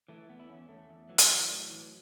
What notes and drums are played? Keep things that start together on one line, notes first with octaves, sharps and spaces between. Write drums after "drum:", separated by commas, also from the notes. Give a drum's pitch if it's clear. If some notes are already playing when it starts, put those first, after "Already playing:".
E3 A3
E2 B3
E4
E2 C#4
E2 A3
E2
E3 F#3
drum: hi-hat
E3
A2
E3